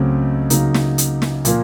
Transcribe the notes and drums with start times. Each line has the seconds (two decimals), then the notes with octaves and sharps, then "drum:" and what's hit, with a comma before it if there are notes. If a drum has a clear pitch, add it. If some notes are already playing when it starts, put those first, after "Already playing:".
Already playing: C#2 C#3 F#3 A3 C4
0.50 C#2 C#3 F#3 A#3 D#4, drum: hi-hat
0.74 drum: snare
0.98 drum: hi-hat
1.22 drum: snare
1.45 A#2 F3 A#3, drum: hi-hat